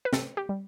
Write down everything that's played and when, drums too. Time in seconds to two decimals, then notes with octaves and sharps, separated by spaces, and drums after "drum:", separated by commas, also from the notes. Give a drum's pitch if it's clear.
0.05 B4
0.13 C3 A4, drum: snare
0.37 G4
0.49 G3